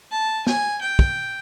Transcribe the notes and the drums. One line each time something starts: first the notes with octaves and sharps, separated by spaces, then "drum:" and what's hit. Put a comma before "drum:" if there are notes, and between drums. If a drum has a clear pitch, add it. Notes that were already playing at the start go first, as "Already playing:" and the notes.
A5
G#5, drum: snare
G5
drum: kick